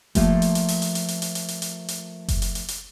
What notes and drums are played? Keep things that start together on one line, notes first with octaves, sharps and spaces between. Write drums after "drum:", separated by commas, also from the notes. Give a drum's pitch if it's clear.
F3 A3 A#3 F4 G4, drum: kick F#1, hi-hat
drum: hi-hat
drum: hi-hat
drum: open hi-hat
drum: hi-hat
drum: hi-hat
drum: hi-hat
drum: hi-hat
drum: hi-hat
drum: hi-hat
drum: hi-hat
drum: hi-hat
drum: kick F#1, hi-hat
drum: hi-hat
drum: hi-hat
drum: hi-hat